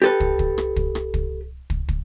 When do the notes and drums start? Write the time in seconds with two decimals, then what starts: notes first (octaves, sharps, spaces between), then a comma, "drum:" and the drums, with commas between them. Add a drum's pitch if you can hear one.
0.02 G4 A4 B4
0.20 drum: kick
0.39 drum: kick
0.58 drum: rim click
0.76 drum: kick
0.95 drum: rim click
1.14 drum: kick
1.70 drum: kick
1.88 drum: kick